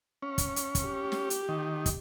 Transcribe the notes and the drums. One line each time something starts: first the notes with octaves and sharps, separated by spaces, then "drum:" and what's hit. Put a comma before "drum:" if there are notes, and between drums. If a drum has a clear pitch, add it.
C#4
drum: kick, hi-hat
drum: hi-hat
drum: kick, hi-hat
G4
drum: snare
drum: hi-hat
D#3
drum: kick, hi-hat